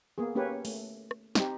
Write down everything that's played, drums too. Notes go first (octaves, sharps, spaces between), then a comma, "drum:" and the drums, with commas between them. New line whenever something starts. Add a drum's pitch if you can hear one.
A#3 B3 G#4
A#3 C#4 G4 B4 C#5
A3, drum: open hi-hat
drum: rim click
C4 D#4 G4, drum: snare